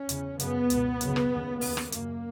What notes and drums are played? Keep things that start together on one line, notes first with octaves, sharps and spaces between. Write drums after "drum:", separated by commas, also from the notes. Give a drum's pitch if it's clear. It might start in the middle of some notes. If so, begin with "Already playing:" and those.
Already playing: C#4
E2 C#3, drum: hi-hat
F#2 C#3 B3, drum: hi-hat
C#2 B2, drum: hi-hat
F#2, drum: hi-hat
C#3
drum: rim click
D#2 C#3
D#2 C#3 B3, drum: open hi-hat
drum: rim click
F#2 C#3 A#3, drum: hi-hat